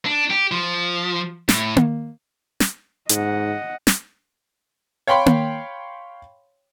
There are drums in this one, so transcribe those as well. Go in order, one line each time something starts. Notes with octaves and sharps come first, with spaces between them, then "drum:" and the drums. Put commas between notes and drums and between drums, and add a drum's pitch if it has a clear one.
D4
G4
F3
A2, drum: snare
drum: tom A#3
drum: snare
G#2 D#5 F#5, drum: hi-hat
drum: snare
C#5 F5 G5 B5 C6
drum: tom A#3